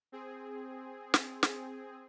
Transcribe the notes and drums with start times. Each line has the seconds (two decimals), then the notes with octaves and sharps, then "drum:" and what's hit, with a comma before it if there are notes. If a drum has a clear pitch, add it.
0.12 C4 G#4
1.14 drum: snare
1.43 drum: snare